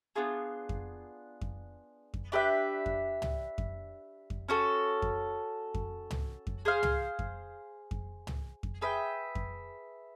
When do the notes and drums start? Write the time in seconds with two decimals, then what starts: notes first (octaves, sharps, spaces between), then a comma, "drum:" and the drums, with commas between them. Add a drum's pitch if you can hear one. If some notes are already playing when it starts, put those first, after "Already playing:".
0.16 B3 D4 F4 G#4
0.69 drum: kick F2
1.41 drum: kick F2
2.14 drum: kick F2
2.32 D4 G4 B4 E5
2.86 drum: kick F2
3.22 drum: tom
3.58 drum: kick F2
4.30 drum: kick F2
4.49 C#4 F#4 A4
5.02 drum: kick F2
5.74 drum: kick F2
6.11 drum: tom
6.47 drum: kick F2
6.65 G#4 C5 F5
6.83 drum: tom
7.19 drum: kick F2
7.91 drum: kick F2
8.27 drum: tom
8.63 drum: kick F2
8.81 G#4 B4 E5 G5
9.35 drum: kick F2